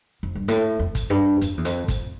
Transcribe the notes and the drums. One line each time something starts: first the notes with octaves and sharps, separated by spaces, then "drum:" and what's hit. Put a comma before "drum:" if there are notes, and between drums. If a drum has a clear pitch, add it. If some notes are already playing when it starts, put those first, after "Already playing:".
F2
G2
A2, drum: hi-hat
F2
drum: kick, hi-hat
G2
F2, drum: hi-hat
E2
F2, drum: hi-hat
F2, drum: kick, hi-hat